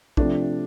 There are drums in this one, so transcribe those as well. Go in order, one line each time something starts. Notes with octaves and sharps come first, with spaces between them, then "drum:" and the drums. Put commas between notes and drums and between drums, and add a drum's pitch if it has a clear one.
C3 F3 A3 D4, drum: kick